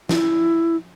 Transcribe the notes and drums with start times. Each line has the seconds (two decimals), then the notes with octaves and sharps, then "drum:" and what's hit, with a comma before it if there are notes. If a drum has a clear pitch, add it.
0.09 E4, drum: snare